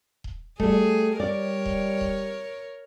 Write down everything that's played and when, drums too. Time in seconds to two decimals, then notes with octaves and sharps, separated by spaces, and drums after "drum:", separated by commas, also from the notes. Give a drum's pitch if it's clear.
0.24 drum: kick D#1
0.60 G3 A3 G#4, drum: kick D#1
1.20 G3 A#4 C#5 D5
1.66 drum: kick D#1
2.01 drum: kick D#1